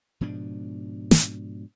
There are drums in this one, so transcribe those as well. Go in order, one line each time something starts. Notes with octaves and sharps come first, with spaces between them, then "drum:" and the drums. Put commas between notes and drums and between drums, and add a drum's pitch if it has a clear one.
G#2 B2 F3 D4
drum: snare